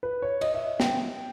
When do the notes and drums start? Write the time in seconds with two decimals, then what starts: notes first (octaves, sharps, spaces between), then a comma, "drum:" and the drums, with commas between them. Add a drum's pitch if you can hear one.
0.03 B4
0.22 C#5
0.41 D#5, drum: cymbal
0.54 E5
0.80 G5, drum: snare